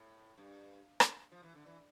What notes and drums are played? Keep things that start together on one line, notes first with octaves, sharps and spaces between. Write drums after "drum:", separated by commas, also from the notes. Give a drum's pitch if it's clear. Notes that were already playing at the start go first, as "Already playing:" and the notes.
Already playing: A2
G2
drum: rim click
F3
E3
D3
E3